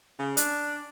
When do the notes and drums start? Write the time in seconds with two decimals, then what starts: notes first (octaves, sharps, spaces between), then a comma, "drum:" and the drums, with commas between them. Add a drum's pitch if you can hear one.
0.19 C#3
0.37 D4, drum: hi-hat